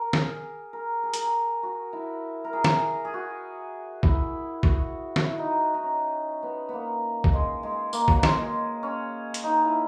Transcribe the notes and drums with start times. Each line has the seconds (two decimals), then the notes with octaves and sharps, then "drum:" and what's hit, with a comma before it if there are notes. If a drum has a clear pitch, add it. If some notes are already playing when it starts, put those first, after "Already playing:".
Already playing: A#4
0.13 G#4, drum: snare
0.73 A#4
1.03 G#4
1.14 A#4, drum: hi-hat
1.24 G#4
1.63 F#4
1.93 E4
2.44 A#4
2.53 G#4
2.64 drum: snare
3.05 G#4
3.14 F#4
4.03 E4, drum: kick
4.63 F#4, drum: kick
5.16 F#4, drum: snare
5.23 E4
5.38 D#4
5.74 D#4
5.83 C#4
6.43 B3
6.69 A#3 B3
7.24 drum: kick
7.33 G#3
7.63 G#3
7.93 A#3, drum: tambourine
8.08 F#3, drum: kick
8.23 G#3, drum: snare
8.83 C#4
9.34 drum: hi-hat
9.44 D#4
9.65 E4